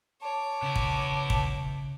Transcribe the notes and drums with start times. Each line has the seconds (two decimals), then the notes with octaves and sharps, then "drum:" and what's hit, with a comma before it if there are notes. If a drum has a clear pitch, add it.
0.21 C#5 A5 D6
0.62 C#3 B3 E4
0.76 drum: kick
1.30 drum: kick